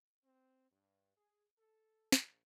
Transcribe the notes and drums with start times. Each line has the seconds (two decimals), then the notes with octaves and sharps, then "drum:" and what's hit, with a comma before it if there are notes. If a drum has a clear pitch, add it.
0.23 C4
0.71 G2
1.17 G#4
1.58 A4
2.12 A#1, drum: snare